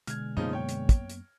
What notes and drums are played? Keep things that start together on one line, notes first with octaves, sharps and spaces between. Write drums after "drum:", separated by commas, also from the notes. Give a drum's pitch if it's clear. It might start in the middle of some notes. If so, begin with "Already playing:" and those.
B2 D3 G#3 F6 G#6, drum: hi-hat
F#2 C#3 F3 A#3 B3 D#4
C#5 G5
drum: hi-hat
drum: kick, hi-hat
drum: hi-hat